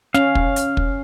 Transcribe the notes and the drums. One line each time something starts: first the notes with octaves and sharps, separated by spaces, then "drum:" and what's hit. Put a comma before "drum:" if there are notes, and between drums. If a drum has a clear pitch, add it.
C#4 F5, drum: snare
drum: kick
drum: hi-hat
drum: kick